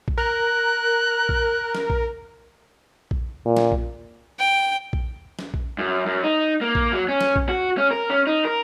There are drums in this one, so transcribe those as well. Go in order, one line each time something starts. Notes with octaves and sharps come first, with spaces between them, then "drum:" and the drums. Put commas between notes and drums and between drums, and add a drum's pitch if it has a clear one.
drum: kick A#1
A#4 F#6
drum: kick A#1
drum: snare
drum: kick A#1
drum: kick A#1
A#2
drum: snare
drum: kick A#1
G5
drum: kick A#1
drum: snare
drum: kick A#1
F#2
F#2
D#4
A#3
drum: kick A#1
F#3
C#4
drum: snare
drum: kick A#1
F#4
C#4
A#4
C#4
D#4
A#4